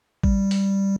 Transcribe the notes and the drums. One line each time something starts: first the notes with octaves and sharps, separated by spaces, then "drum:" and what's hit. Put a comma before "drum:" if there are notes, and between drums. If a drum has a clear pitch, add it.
G3, drum: kick A1
drum: open hi-hat